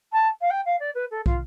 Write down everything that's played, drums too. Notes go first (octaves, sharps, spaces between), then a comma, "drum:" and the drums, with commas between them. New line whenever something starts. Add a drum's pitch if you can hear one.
A5
F5
G5
F5
D5
B4
A4
F4, drum: kick